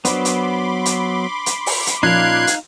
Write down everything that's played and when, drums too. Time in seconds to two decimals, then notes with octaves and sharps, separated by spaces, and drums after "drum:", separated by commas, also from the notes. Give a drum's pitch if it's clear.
0.05 F#3 B3 D4 C5 B5 C6 D6, drum: hi-hat
0.25 drum: hi-hat
0.86 drum: hi-hat
1.46 drum: hi-hat
1.66 drum: open hi-hat
1.87 drum: hi-hat
2.03 A#2 F3 C#4 D#4 F5 F#6 G#6 C7
2.47 drum: hi-hat